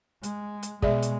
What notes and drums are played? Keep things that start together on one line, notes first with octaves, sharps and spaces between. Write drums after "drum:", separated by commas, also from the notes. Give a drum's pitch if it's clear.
G#3, drum: hi-hat
drum: hi-hat
B2 G#3 G#4 D5 E5, drum: kick
drum: hi-hat